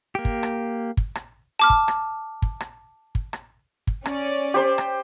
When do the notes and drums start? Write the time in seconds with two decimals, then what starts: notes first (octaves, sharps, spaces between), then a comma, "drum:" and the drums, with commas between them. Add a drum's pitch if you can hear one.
0.15 A#3 G4
0.25 drum: kick
0.43 drum: rim click
0.97 drum: kick
1.15 drum: rim click
1.59 A5 D6 F6
1.70 drum: kick
1.88 drum: rim click
2.42 drum: kick
2.60 drum: rim click
3.15 drum: kick
3.33 drum: rim click
3.87 drum: kick
4.05 C#4 D5, drum: rim click
4.54 G4 C5 C6
4.78 drum: rim click